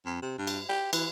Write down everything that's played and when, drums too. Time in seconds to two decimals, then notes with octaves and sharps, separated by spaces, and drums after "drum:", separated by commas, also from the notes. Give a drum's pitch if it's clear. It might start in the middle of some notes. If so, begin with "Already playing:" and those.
0.06 F2
0.22 C3
0.38 G2
0.47 drum: cymbal
0.69 G4
0.93 E3, drum: cymbal